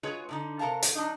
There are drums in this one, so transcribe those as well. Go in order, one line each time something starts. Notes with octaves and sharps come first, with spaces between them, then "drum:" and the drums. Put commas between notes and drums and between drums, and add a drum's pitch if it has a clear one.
G#3 F4 F#4 G#4 B4 C#5
A2 D3 D#4
C3 A4 A#4 F5 A5
drum: hi-hat
F#3 D4 D#4